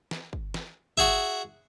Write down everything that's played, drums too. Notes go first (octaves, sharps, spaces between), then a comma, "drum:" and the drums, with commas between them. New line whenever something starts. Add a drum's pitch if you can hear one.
drum: snare
drum: kick
drum: snare
F#4 G#4 E5, drum: kick